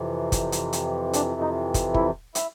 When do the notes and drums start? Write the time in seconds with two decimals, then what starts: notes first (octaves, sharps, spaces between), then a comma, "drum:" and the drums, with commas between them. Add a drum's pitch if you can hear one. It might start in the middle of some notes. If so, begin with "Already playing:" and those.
Already playing: F2 C3 E3
0.32 drum: kick, hi-hat
0.52 drum: hi-hat
0.73 drum: hi-hat
1.13 D4, drum: hi-hat
1.41 D#4
1.74 drum: kick, hi-hat
1.94 E4, drum: kick
2.35 E4, drum: hi-hat